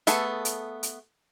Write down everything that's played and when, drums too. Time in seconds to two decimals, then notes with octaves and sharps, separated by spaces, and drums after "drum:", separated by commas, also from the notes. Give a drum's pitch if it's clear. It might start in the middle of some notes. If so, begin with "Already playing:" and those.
0.07 A3 B3 G#4 A4, drum: hi-hat
0.45 drum: hi-hat
0.83 drum: hi-hat